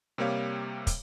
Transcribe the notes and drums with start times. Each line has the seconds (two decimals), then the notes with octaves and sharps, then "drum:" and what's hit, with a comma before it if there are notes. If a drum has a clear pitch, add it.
0.18 C3 G3 A#3 G4 C#5 F5
0.87 drum: kick, hi-hat